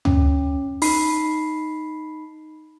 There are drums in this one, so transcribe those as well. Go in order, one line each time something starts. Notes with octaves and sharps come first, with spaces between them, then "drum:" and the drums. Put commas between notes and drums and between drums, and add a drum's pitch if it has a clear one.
C#4, drum: tom
D#4 B5 C7, drum: open hi-hat